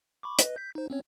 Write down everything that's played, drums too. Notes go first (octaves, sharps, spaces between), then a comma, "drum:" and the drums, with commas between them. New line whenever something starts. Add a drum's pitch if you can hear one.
B5 C#6 D6
B4 D#5, drum: hi-hat
G6 B6
D#4 C5
C4 C#4 C#5